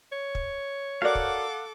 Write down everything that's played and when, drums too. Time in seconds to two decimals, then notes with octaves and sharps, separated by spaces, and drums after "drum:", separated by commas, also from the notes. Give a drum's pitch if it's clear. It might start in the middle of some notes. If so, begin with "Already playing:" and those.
0.12 C#5
0.35 drum: kick
1.02 F#4 A4 A#4 D5 F5 F#5 D6
1.15 drum: kick